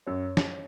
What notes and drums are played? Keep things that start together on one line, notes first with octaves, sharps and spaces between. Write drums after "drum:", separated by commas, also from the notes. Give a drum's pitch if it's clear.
F#2 C#5
drum: snare